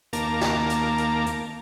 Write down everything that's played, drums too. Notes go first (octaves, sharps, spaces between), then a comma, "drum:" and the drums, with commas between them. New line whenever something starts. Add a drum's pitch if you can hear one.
D#2 A#3 A#4 F5 A5 D6, drum: hi-hat
drum: snare
drum: hi-hat
drum: hi-hat
drum: hi-hat